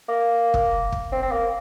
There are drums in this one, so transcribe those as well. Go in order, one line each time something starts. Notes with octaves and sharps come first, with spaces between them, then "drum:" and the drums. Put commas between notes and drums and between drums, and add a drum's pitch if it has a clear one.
A#3
drum: kick
drum: kick
C4
C4
A#3